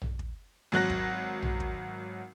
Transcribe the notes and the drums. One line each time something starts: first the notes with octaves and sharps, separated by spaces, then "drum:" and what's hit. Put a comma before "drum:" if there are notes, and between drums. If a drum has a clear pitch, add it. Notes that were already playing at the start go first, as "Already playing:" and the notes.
drum: tom A#1
drum: kick
G#1 F#3 F#6 A#6
drum: kick
drum: tom A#1
drum: kick